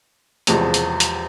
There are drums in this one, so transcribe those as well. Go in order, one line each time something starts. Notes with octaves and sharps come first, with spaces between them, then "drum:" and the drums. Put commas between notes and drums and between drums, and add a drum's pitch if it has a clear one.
E1 E2 C3 F3 G#3, drum: hi-hat
drum: hi-hat
drum: hi-hat